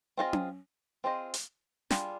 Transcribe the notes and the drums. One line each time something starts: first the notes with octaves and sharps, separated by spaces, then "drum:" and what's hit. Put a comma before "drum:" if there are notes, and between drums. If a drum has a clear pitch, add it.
C4 F4 G#4 C5 D#5
drum: tom C#4
C4 F4 G#4 C5 D#5
drum: hi-hat
G3 D4 F4 G#4, drum: snare